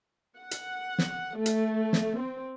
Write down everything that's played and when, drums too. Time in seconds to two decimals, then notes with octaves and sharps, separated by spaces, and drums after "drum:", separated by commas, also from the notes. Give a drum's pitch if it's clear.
0.37 F#5
0.51 drum: hi-hat
0.98 drum: snare
1.36 A3
1.46 drum: hi-hat
1.93 drum: snare
2.16 C4